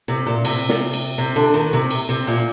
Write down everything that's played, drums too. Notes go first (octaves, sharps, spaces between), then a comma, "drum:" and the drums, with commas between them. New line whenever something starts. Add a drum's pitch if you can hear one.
C3
A#2
C3, drum: cymbal
drum: snare
drum: cymbal
C3
D3
D#3
C3
drum: cymbal
C3
A#2